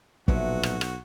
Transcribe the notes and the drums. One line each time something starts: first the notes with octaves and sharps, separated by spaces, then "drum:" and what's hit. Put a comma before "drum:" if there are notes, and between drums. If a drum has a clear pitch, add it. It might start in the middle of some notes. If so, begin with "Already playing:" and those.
B1 A#2 F3 F#3 F#4 B4 C5 E5, drum: kick
drum: rim click
drum: rim click